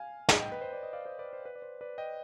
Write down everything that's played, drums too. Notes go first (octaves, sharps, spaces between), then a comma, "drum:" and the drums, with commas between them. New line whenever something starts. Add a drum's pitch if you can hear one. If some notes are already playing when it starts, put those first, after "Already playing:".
Already playing: F5 G#5
drum: snare
D#5 G5
B4
C5
D5
D#5
D5 F5
C5 D#5
B4 D5
C5
B4
D5
C5
B4 D5
D#5 G5